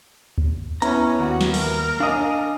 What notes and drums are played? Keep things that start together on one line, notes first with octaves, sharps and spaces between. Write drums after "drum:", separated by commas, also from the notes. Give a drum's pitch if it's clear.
drum: kick D2
B3 C#4 E4 A#5, drum: hi-hat
D#2 F#4
drum: snare
A#4, drum: open hi-hat
D4 D#5 F5 G#5 D#6